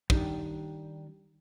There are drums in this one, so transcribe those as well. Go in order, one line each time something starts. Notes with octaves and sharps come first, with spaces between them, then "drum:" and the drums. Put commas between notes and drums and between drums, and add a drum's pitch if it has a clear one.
D#3 G3 D4, drum: kick